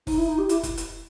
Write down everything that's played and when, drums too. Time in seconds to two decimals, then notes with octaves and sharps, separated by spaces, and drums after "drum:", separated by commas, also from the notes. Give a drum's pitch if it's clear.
0.07 D#4, drum: kick, open hi-hat
0.18 E4
0.28 D#4
0.38 G4
0.49 E4, drum: hi-hat
0.63 drum: kick, hi-hat
0.77 drum: hi-hat